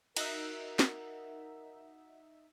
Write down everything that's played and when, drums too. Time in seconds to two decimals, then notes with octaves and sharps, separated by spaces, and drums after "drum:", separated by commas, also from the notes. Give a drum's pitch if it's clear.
0.17 D#4 F#4 A#4 E5, drum: cymbal
0.79 drum: snare